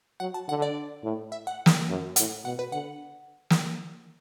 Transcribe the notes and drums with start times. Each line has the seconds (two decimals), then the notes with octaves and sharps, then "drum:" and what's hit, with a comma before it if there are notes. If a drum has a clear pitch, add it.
0.20 F#3 F#5
0.34 A5
0.49 D3 F#5
0.62 D5
1.04 A2
1.32 E5
1.47 F#5
1.66 drum: snare
1.89 F#2
2.16 A2 F#5, drum: hi-hat
2.45 B2 F#5
2.59 B4
2.72 D3 F#5
3.50 drum: snare